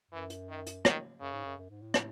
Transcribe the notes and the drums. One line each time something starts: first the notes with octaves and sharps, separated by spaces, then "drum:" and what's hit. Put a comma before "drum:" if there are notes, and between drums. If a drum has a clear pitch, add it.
F#2 E3
drum: hi-hat
D#3
drum: hi-hat
D#3, drum: rim click
F#2 C#3
G#2
F#2
F#2
G#2
A2
drum: rim click